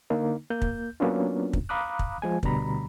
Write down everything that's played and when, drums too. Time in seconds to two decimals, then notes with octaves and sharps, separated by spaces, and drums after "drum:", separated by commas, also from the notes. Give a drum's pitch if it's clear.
0.10 D3 A#3 D#4
0.50 A#3 G6
0.62 drum: kick
1.00 F#3 A#3 B3 C#4 D4 F4
1.53 drum: kick
1.69 F5 A#5 B5 D6 D#6 F#6
1.99 drum: kick
2.22 F3 G#3 G#5
2.43 D2 B2 D3 G3 A#5 B5, drum: kick